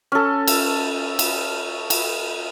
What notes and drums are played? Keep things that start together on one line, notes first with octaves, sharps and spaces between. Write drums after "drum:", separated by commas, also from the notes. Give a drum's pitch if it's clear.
C#4 A4
drum: cymbal
drum: cymbal
drum: cymbal